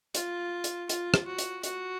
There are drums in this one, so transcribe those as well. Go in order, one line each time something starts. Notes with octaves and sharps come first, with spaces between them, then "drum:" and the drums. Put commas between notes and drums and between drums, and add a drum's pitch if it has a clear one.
F4, drum: hi-hat
drum: hi-hat
F4, drum: hi-hat
drum: rim click
F#4
drum: hi-hat
F#4, drum: hi-hat